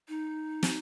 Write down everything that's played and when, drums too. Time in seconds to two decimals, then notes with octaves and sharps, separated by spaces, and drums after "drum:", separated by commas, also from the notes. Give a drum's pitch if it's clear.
0.08 D#4
0.63 drum: snare